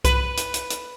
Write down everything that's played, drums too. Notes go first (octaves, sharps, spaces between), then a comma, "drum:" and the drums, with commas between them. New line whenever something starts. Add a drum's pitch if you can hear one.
B4, drum: kick C2, hi-hat
drum: hi-hat
drum: hi-hat
drum: hi-hat